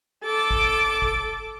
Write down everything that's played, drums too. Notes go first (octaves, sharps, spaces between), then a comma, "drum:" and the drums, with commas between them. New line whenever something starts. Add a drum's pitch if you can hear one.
A4 D6 A6
drum: kick
drum: kick